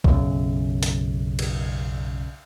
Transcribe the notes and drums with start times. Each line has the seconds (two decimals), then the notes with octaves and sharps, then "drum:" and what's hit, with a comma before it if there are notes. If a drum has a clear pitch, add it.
0.04 B1 F#2 C#3, drum: kick B1
0.83 drum: hi-hat
1.39 drum: cymbal